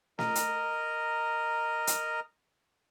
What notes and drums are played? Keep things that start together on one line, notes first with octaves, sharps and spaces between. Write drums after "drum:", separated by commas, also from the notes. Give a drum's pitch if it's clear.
A#4 D#5 A#5, drum: snare
drum: hi-hat
drum: hi-hat